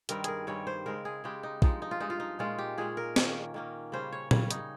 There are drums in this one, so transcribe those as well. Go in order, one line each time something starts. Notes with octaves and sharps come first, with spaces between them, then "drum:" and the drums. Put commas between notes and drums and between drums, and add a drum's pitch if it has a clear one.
G2 D#3 G3 C4 A#4, drum: hi-hat
G#4 A#4, drum: hi-hat
G2 D#3 G3 C4 C#5
C5
C#3 G#3 C4 A#4
G#4
C#3 G#3 C4 G4
D#4
G2 F3 G#3 D#4, drum: kick
D#4
F4
G2 F3 G#3 D#4
F4
D#4
A#2 G#3 C#4 F4
G4
A#2 G#3 C#4 G#4
A#4
D#3 A#3 C#4, drum: snare
D#3 A#3 C#4
C#3 G3 C#4 C5
C#5
C#3 G3 C#4 C#5, drum: tom A#2
D#4, drum: hi-hat